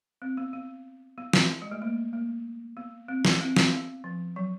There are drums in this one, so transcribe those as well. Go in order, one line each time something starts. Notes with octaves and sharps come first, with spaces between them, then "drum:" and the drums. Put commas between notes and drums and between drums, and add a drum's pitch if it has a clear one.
C4
B3
B3
B3
drum: snare
G#3
A3
A#3
A#3
B3
C4
drum: snare
C4
drum: snare
B3
F3
F#3